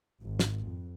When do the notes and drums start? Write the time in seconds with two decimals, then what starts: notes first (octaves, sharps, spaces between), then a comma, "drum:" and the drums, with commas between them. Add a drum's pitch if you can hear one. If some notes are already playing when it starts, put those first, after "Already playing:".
0.19 G#1
0.39 drum: snare
0.65 F2